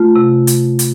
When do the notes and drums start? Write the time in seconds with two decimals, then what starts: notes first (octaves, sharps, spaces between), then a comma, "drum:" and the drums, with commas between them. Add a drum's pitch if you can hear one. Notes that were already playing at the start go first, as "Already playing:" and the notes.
Already playing: A3 F4
0.16 C3
0.47 drum: hi-hat
0.79 drum: hi-hat